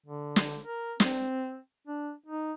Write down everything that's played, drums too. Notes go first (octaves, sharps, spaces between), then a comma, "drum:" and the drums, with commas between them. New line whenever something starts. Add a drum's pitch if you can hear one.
D3
drum: snare
A#4
C4, drum: snare
D4
D#4